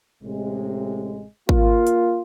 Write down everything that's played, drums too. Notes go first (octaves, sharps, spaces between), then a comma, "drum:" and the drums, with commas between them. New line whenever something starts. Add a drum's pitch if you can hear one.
A1 A2 C3 G#3
A#3 F4, drum: kick
drum: hi-hat